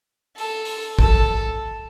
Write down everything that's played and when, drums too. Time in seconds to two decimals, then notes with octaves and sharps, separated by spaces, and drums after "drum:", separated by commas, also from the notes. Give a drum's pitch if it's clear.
0.38 A4, drum: open hi-hat
0.65 drum: open hi-hat
0.99 A4, drum: kick